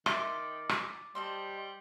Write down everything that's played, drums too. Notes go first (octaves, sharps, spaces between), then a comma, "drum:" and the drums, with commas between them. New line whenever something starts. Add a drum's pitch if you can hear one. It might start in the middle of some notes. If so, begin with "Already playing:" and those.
D#3 E5 C6 D6 A6, drum: rim click
drum: rim click
G3 C5 D#5 A5